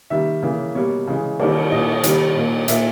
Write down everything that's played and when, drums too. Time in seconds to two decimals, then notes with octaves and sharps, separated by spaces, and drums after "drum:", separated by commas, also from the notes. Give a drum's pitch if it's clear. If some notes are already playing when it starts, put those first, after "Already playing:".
0.10 D#3 G3 A#3 E5
0.42 C#3 E3 A#3
0.75 B2 G3 A#3 C#5
1.07 C#3 E3 G#3
1.40 D#3 G3 A#3, drum: cymbal
1.72 A#2 A#3 D#5
1.82 C#5
1.93 D#5
2.04 D#3 G3 A#3, drum: hi-hat
2.36 A#2 A#3
2.68 A#2 A#3 E5, drum: hi-hat